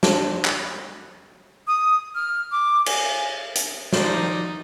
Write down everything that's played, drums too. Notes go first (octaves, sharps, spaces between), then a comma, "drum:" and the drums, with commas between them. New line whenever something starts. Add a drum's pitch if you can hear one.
D4, drum: snare
drum: clap
D#6
F6
D6
G#5, drum: cymbal
drum: hi-hat
D#3 F3 F#3 D#4 G4 C5 D5, drum: snare